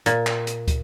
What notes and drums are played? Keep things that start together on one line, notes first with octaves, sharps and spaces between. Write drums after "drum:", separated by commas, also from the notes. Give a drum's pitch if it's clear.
A#2, drum: hi-hat
drum: clap
drum: hi-hat
drum: kick, hi-hat